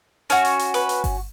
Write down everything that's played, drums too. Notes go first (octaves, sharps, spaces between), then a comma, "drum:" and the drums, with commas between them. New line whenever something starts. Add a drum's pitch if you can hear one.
C#4 F#4, drum: hi-hat
drum: hi-hat
drum: hi-hat
B4, drum: hi-hat
drum: hi-hat
drum: kick G1, open hi-hat